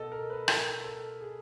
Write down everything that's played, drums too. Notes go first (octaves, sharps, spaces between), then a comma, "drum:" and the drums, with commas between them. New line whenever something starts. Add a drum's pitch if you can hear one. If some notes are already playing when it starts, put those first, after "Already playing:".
Already playing: B2 A4 D#5
A#4
B4
A#4, drum: rim click
A4
G#4